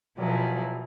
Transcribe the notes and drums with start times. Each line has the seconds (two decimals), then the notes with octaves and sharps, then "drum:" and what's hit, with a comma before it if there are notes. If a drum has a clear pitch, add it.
0.18 B2 F3 F#3 E4 G#4, drum: cymbal